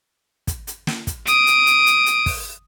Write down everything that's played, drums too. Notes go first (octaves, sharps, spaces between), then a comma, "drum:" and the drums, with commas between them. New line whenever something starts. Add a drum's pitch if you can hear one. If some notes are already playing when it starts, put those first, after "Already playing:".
drum: kick, hi-hat
drum: hi-hat
drum: snare
drum: kick, hi-hat
D#6 D7, drum: hi-hat
drum: hi-hat
drum: hi-hat
drum: hi-hat
drum: hi-hat
drum: kick, open hi-hat